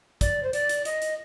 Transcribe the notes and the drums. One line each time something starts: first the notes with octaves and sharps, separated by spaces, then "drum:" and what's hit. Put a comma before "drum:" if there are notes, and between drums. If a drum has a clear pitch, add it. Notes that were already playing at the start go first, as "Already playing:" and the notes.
D5, drum: kick, hi-hat
C5
D5, drum: hi-hat
drum: hi-hat
D#5, drum: hi-hat
drum: hi-hat